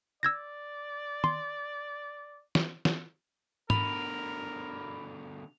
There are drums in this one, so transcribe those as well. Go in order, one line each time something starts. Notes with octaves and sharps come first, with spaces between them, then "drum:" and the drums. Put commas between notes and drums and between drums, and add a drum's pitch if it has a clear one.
D5 E6 G#6 A#6
C6, drum: tom
drum: snare
drum: snare
B2 D3 A#4 B5 F7, drum: tom G#2